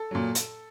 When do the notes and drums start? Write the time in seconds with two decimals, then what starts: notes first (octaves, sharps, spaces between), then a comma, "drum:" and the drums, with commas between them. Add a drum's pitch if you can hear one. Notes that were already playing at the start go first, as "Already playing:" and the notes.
Already playing: A4
0.11 A#2 F#3
0.35 drum: hi-hat